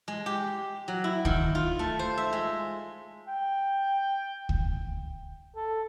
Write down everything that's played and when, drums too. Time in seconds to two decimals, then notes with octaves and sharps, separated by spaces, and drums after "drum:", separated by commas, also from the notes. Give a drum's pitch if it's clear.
0.08 G#3
0.26 G4
0.88 F#3
1.04 E4
1.25 D#3, drum: kick C#2
1.55 F4
1.79 A3
1.99 C5
2.17 E5
2.33 G#3
3.28 G5
4.49 drum: kick C#2
5.56 A4